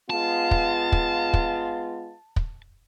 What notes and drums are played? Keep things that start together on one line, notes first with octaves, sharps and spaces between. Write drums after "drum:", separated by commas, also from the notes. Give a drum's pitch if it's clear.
G#3 B3 F4 A5
drum: kick
drum: kick
drum: kick
drum: kick